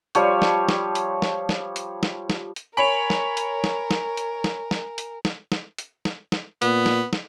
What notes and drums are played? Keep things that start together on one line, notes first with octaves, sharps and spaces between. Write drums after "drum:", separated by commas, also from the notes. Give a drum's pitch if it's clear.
F3 G3 C#5, drum: hi-hat
drum: snare
drum: snare
drum: hi-hat
drum: snare
drum: snare
drum: hi-hat
drum: snare
drum: snare
drum: hi-hat
A#4 C#5 G#5 B5 F7
drum: snare
drum: hi-hat
drum: snare
drum: snare
drum: hi-hat
drum: snare
drum: snare
drum: hi-hat
drum: snare
drum: snare
drum: hi-hat
drum: snare
drum: snare
A#2 B3, drum: hi-hat
drum: snare
drum: snare